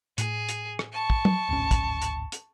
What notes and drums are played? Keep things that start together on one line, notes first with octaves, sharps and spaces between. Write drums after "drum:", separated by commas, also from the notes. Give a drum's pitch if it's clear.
A2 G#4, drum: hi-hat
drum: hi-hat
drum: rim click
A5 C#6
drum: kick
drum: tom
D1 G#1 C#4
drum: kick, hi-hat
drum: hi-hat
drum: hi-hat